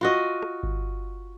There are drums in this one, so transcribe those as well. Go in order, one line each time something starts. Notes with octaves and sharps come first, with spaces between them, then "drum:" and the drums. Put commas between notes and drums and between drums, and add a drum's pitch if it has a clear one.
F4 F#4 D#5
drum: rim click
drum: kick G1